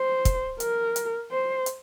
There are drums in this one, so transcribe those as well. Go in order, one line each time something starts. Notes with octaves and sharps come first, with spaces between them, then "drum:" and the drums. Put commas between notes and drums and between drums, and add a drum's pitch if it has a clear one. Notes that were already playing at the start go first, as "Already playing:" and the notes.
Already playing: C5
drum: kick, hi-hat
A#4, drum: hi-hat
drum: hi-hat
C5
drum: hi-hat